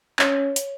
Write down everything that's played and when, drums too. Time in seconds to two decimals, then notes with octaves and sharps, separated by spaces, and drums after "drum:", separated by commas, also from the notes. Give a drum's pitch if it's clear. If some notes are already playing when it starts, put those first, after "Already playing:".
0.19 C#4 C#5, drum: clap
0.56 drum: hi-hat